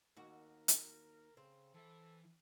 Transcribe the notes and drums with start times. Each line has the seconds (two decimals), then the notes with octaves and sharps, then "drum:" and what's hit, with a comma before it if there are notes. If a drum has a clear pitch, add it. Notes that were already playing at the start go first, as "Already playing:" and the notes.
0.17 D#2 F#4 A#4
0.68 drum: hi-hat
1.37 C#3 C4
1.75 E3 A4 E5